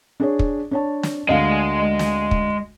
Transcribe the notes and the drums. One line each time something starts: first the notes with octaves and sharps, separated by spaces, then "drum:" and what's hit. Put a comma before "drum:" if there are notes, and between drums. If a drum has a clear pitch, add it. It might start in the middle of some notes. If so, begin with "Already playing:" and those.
D4 G#4 C#5
drum: kick
D4 C#5 A5
drum: snare
D2 G#3 D4 D#5 F5
drum: snare
drum: kick